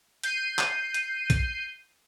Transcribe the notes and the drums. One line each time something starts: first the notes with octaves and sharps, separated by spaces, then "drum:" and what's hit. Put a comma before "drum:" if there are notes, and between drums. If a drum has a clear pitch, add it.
G6 C7 D#7, drum: hi-hat
drum: clap
drum: hi-hat
drum: kick A#1, hi-hat